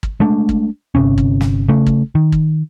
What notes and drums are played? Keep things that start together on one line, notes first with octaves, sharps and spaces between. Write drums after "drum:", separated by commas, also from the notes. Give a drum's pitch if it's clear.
drum: kick
G#3 A3 D4
drum: kick
G1 C3 C#4
drum: kick
drum: snare
C#3 A3
drum: kick
D#3
drum: kick